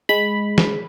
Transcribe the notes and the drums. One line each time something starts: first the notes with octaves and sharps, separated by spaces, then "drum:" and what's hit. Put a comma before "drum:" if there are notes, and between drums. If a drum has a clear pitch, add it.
G#3 B5
drum: snare